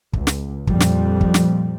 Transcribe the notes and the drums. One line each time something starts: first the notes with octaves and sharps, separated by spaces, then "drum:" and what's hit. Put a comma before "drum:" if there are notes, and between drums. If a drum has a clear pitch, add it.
C#2, drum: kick
drum: snare
F2 A#2 F3 G3, drum: kick
drum: snare
drum: kick
drum: snare